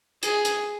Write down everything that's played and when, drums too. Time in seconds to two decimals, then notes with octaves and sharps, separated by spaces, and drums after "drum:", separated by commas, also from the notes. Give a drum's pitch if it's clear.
0.23 G#4, drum: hi-hat
0.45 drum: hi-hat